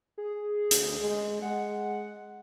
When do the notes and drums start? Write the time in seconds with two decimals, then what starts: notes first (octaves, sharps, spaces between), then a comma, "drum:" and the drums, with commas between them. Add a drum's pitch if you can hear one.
0.18 G#4
0.71 D2, drum: hi-hat
1.00 G#3
1.42 G#3 F#5